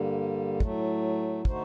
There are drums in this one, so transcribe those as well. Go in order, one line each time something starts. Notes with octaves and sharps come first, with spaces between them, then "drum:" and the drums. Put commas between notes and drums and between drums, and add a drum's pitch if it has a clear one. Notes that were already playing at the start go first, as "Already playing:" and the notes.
Already playing: G2 D3 G3 A#3
A2 F#3 A3, drum: kick
D3 A3 D#4 F#4 C5, drum: kick